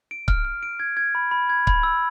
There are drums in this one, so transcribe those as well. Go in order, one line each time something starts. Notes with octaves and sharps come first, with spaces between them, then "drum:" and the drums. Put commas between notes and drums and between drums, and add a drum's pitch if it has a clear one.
D7
F6, drum: kick C#1
F6
D7
G#6
G#6
B5
B5
G#6
B5, drum: kick C#1
E6